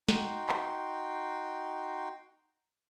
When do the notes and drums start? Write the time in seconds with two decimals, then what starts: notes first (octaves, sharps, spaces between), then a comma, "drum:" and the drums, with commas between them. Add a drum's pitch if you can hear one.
0.09 D#4 F#4 G5 C6, drum: snare
0.49 drum: clap